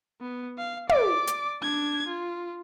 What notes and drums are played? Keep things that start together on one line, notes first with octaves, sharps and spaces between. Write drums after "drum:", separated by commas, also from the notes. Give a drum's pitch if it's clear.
B3
F5
D5 D6, drum: tom
drum: hi-hat
D4 G#6
F4